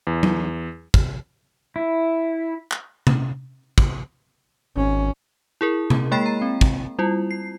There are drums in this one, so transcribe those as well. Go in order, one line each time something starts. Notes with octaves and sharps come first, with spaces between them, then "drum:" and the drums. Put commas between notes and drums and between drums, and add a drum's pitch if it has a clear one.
E2
drum: tom F#3
drum: kick
E4
drum: clap
drum: tom C3
drum: kick
G#1 C#4
E4 G#4 A#4
drum: tom C3
G#3 A#3 G5 B5 A6 C7
A#5
C4
drum: kick
G3 E4 F4
C7